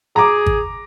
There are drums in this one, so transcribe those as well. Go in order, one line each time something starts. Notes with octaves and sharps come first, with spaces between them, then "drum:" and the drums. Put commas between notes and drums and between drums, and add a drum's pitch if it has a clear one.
G#4 A#5 D6
drum: kick G#1